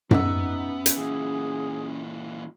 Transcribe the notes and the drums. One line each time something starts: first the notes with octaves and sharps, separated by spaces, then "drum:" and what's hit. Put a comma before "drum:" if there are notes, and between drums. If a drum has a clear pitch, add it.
B3 C#4 D#4 F#4 E5, drum: tom F#2
drum: hi-hat
A#2 E3 G#4